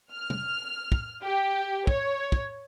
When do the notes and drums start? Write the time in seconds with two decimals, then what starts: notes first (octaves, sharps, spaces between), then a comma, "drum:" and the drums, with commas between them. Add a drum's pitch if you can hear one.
0.12 F6
0.30 drum: tom C3
0.92 drum: kick
1.23 G4
1.87 C#5, drum: kick
2.32 drum: kick